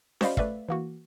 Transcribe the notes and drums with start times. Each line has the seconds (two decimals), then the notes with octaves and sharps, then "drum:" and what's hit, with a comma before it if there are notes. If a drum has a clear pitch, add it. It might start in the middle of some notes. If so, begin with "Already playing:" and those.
0.21 F#4 C5 D5 D#5 F5 B5, drum: snare C#4
0.37 A3 B4 D5 E5 F5, drum: kick
0.69 E3 A#3 F#4